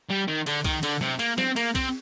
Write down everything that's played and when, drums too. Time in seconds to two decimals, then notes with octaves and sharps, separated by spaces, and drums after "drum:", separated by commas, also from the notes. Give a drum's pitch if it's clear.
0.10 G3
0.27 D#3
0.46 D3, drum: cymbal
0.64 D#3, drum: kick C2, cymbal
0.83 D3, drum: cymbal
1.01 C3, drum: snare
1.19 A#3, drum: cymbal
1.38 C4, drum: snare
1.56 A#3, drum: cymbal
1.75 C4, drum: kick C2, cymbal